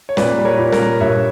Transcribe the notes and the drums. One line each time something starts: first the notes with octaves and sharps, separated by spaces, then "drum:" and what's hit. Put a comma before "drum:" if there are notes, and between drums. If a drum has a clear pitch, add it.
C#5
A#2 B4 D5, drum: snare
G3
A#4 C#5
A#2
A#4 C#5, drum: snare
G3
G2 C#5 E5